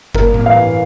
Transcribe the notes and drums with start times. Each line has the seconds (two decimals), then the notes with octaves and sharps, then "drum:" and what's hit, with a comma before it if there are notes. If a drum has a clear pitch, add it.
0.15 A#3 A#4, drum: kick G1
0.34 drum: tom A2
0.46 E3 F5